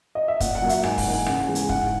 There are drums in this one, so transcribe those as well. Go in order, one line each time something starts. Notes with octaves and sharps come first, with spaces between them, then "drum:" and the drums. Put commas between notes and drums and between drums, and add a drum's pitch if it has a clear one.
D#5
E5
A#2 F#5, drum: kick, hi-hat
F#5
F#3 A#3
E5, drum: hi-hat
G#2 G#5, drum: rim click
F#5, drum: kick, open hi-hat
E3 A#3 D#4
G#5
C#3 F#5, drum: rim click
G#5
E3 G#3 B3
G#5, drum: hi-hat
G#2 F#5, drum: kick